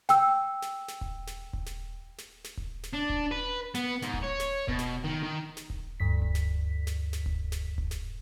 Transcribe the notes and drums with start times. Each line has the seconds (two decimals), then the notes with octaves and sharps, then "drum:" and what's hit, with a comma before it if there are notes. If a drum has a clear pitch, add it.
0.09 G5 E6, drum: snare
0.62 drum: snare
0.88 drum: snare
1.01 drum: kick D#1
1.27 drum: snare
1.53 drum: kick D#1
1.66 drum: snare
2.18 drum: snare
2.44 drum: snare
2.57 drum: kick D#1
2.83 drum: snare
2.93 D4
3.09 drum: kick D#1
3.31 B4
3.75 B3, drum: snare
4.02 G#2, drum: snare
4.14 drum: kick D#1
4.23 C#5
4.40 drum: snare
4.68 B2, drum: kick D#1
4.79 drum: snare
5.04 D#3
5.23 D#3
5.57 drum: snare
5.70 drum: kick D#1
6.00 D2 G2 B6
6.22 drum: kick D#1
6.35 drum: snare
6.87 drum: snare
7.13 drum: snare
7.26 drum: kick D#1
7.52 drum: snare
7.78 drum: kick D#1
7.91 drum: snare